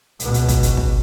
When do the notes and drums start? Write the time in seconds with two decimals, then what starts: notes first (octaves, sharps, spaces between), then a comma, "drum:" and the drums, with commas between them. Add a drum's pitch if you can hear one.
0.20 C#2 B2, drum: hi-hat
0.34 drum: hi-hat
0.48 drum: kick, hi-hat
0.63 drum: hi-hat
0.77 drum: kick